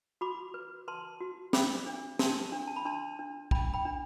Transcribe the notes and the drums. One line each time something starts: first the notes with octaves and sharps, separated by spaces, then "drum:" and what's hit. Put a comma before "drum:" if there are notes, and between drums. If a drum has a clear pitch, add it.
F#4 B5 D6
B4
B4 A5 C6
F#4
C5 B5 D6, drum: snare
D4
G4 A5 C6, drum: snare
D4
A5
B5
D4 A5 C6
D4
D4 G5 B5, drum: kick
G5 B5
D4